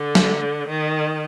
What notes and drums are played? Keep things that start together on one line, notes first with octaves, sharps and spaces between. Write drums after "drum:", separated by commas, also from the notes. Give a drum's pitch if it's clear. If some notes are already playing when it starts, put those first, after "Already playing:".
Already playing: D3
drum: snare
D#3